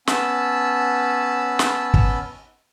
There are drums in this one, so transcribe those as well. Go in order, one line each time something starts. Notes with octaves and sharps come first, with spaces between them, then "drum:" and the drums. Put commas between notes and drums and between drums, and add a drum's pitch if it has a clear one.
B3 C#4 A5 B5 E6, drum: snare
drum: snare
drum: kick